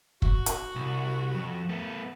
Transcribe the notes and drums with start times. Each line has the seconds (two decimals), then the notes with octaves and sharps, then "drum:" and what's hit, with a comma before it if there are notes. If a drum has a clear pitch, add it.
0.22 F#4, drum: kick
0.46 drum: hi-hat
0.75 C2
1.34 F2
1.69 A3 B3